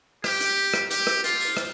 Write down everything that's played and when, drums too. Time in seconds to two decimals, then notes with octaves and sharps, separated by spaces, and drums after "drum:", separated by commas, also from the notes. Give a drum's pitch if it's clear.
0.24 G4, drum: rim click
0.40 drum: hi-hat
0.74 drum: rim click
0.91 G4, drum: hi-hat
1.07 drum: rim click
1.24 F4, drum: hi-hat
1.40 drum: open hi-hat
1.57 drum: rim click